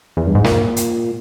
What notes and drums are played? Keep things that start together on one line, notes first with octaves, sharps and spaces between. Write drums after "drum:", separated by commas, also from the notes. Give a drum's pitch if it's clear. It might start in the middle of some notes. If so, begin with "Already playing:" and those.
E2
G2
G#2
A#2, drum: snare
drum: hi-hat